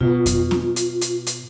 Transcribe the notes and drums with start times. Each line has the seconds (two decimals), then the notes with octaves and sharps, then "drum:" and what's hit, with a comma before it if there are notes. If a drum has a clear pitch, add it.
0.01 B2 F4
0.26 drum: kick F2, hi-hat
0.51 drum: snare C4
0.76 drum: hi-hat
1.01 drum: hi-hat
1.27 drum: hi-hat